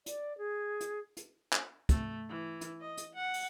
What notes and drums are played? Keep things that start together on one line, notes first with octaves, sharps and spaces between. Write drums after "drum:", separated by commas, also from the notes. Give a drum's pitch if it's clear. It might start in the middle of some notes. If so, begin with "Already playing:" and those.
D5, drum: hi-hat
G#4
drum: hi-hat
drum: hi-hat
drum: clap
A3, drum: kick, hi-hat
E3
drum: hi-hat
D#5
drum: hi-hat
F#5
drum: open hi-hat